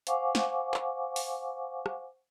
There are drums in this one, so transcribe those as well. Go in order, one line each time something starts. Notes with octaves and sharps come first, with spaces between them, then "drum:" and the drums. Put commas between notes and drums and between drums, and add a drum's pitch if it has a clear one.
C5 F5 F#5 G#5 C#6 D6, drum: hi-hat
drum: snare
drum: clap
drum: open hi-hat
drum: rim click